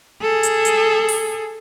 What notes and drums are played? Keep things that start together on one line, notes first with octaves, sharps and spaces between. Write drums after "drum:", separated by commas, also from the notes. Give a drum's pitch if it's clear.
G#4 A4
drum: hi-hat
drum: hi-hat
drum: open hi-hat